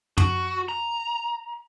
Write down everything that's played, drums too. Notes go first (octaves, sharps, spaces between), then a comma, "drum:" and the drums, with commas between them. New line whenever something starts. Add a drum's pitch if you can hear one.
F#4, drum: tom
A#5